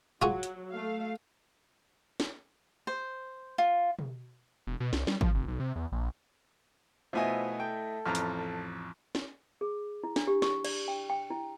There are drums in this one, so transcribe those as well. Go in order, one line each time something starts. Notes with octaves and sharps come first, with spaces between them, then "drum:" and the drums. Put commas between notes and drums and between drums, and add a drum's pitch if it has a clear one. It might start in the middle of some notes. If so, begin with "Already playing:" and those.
F#3 F4 F#4 G#4
drum: hi-hat
A3 F5
drum: snare
C5
F4
drum: tom B2
E1
B2
C2, drum: snare
G3, drum: snare
F3, drum: kick G#1
F1
B1
C3
E2
A#1
B2 F3 A3 B3 E4 D#5 G#5
A4 G5
A1 F2 A#5 F6
drum: hi-hat
drum: snare
G#4
E4
D4, drum: snare
G4
C#6, drum: snare
D5, drum: cymbal
G5
G5
E4